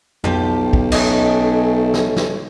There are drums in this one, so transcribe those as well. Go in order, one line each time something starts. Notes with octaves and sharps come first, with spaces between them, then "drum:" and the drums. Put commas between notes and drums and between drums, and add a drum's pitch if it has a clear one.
B1 F3 G4, drum: tom F2
drum: kick
A3 C#4 D#4, drum: cymbal
drum: snare
drum: snare